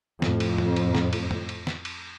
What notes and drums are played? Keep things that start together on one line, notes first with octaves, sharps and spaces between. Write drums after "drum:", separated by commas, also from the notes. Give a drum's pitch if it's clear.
F2 A2, drum: snare
drum: cymbal
drum: tom F2
drum: cymbal
drum: snare
drum: cymbal
drum: tom F2
drum: cymbal
drum: snare
drum: cymbal